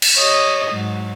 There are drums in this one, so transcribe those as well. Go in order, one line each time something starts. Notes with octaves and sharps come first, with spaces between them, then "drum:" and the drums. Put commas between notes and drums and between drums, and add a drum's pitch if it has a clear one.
drum: cymbal
G4 C#5 D#5 D#6
G#2 F#3